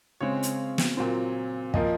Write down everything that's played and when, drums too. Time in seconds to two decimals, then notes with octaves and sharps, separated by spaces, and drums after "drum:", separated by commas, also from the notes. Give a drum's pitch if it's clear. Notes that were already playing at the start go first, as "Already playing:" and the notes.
0.21 C#3 G#3 C4 C#5
0.43 drum: hi-hat
0.78 drum: snare
0.97 A#2 F#3 C4
1.74 A#2 F3 A#3 D#5, drum: kick